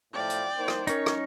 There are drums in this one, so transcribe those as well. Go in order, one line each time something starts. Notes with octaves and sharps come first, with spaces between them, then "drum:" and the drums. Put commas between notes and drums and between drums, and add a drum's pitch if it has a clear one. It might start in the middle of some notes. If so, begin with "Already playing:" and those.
A2 F3 D5 G5
drum: hi-hat
A#3 D#4 C5
drum: rim click
C#4 D#4 A#4 C#5, drum: hi-hat
drum: rim click